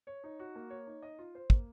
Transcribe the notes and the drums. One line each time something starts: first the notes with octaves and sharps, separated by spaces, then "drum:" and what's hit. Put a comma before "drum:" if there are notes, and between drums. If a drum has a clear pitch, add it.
C#5
D#4
F#4
A#3
C#5
D#4
D#5
F4
C5
A#3, drum: kick